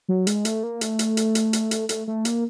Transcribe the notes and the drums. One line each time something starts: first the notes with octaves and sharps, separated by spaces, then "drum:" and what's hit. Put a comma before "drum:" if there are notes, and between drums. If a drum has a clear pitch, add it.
F#3
G#3, drum: hi-hat
A3, drum: hi-hat
A#3
A3, drum: hi-hat
drum: hi-hat
drum: hi-hat
drum: hi-hat
drum: hi-hat
drum: hi-hat
A3, drum: hi-hat
A3
A#3, drum: hi-hat